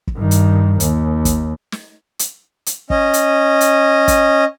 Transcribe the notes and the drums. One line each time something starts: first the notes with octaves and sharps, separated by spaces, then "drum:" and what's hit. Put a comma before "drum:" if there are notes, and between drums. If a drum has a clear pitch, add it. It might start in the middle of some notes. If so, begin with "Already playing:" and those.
drum: kick
G2 D#3
drum: hi-hat
D#2, drum: hi-hat
drum: kick, hi-hat
drum: snare
drum: hi-hat
drum: hi-hat
C#4 D#5, drum: kick
drum: hi-hat
drum: hi-hat
drum: kick, hi-hat